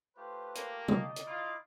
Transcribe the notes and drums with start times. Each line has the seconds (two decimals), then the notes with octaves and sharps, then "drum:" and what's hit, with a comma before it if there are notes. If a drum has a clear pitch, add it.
0.17 A3 F4 G4 B4 C5
0.55 A#3, drum: hi-hat
0.88 D#4 D5 D#5, drum: tom
1.16 drum: hi-hat
1.27 E4 F4 F5 D6